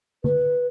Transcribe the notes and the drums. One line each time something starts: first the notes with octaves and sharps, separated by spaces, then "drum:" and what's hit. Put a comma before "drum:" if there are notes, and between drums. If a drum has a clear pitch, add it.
B4, drum: tom D3